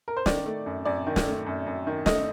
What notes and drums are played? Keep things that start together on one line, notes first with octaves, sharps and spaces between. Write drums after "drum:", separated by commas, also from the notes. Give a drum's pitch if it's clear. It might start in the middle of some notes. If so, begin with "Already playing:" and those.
A#4
C5
D#3 D5, drum: snare
A3
F#2
F#2 D5
D#3
drum: snare
A3
F#2
F#2
D#3
A3 D#5, drum: snare